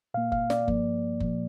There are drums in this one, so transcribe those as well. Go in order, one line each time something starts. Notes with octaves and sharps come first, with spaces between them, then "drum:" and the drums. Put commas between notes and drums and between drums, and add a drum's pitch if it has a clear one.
A#2 A#3 F5
F5, drum: kick F#1
D5, drum: snare
G2 F3 A#3, drum: kick F#1
A#2 F3 A#3, drum: kick F#1